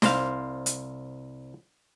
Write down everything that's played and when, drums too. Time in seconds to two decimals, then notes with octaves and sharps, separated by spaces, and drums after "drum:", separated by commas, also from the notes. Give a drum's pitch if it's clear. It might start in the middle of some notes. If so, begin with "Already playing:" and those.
0.02 C2 C5 F5, drum: snare
0.66 drum: hi-hat